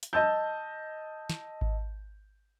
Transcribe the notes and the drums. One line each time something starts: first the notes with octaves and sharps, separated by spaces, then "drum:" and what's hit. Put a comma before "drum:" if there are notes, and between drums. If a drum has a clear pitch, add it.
drum: hi-hat
D#5 A5 E6 G6
drum: snare
drum: kick G#1